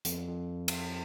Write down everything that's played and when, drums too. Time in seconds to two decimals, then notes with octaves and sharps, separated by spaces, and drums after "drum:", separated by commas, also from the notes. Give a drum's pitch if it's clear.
0.05 F2, drum: hi-hat
0.28 F2
0.68 drum: cymbal